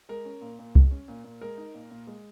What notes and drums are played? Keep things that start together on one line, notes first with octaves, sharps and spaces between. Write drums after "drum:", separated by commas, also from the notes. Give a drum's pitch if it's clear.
G#3 A#4
C#4
A#2
A#2
G#3, drum: kick C2
C#4
A#2
A#2
G#3 A#4
D#4
A#2
A#2
G#3